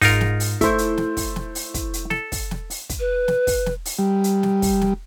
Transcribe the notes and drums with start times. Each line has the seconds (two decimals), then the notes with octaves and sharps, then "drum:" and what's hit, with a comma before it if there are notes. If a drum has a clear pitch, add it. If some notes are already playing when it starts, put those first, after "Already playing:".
0.02 G#2 D#4 F4 A#4, drum: kick, open hi-hat
0.21 drum: snare
0.40 drum: open hi-hat
0.61 A3 E4 C5, drum: kick, hi-hat
0.78 drum: hi-hat
0.98 drum: snare
1.17 drum: kick, open hi-hat
1.36 drum: snare
1.55 drum: open hi-hat
1.74 drum: kick, hi-hat
1.93 drum: hi-hat
2.10 A4, drum: snare
2.32 drum: kick, open hi-hat
2.51 drum: snare
2.70 drum: open hi-hat
2.89 drum: kick, hi-hat
3.00 B4
3.28 drum: snare
3.47 drum: kick, open hi-hat
3.66 drum: snare
3.85 drum: open hi-hat
3.99 G3
4.24 drum: hi-hat
4.43 drum: snare
4.62 drum: kick, open hi-hat
4.81 drum: snare